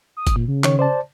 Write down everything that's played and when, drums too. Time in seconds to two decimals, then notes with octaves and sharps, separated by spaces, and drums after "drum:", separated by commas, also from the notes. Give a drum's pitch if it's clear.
0.17 D#6
0.27 drum: kick F#1, hi-hat
0.36 A#2
0.48 C#3
0.64 D#3 C#5, drum: clap
0.79 C5 D5 A5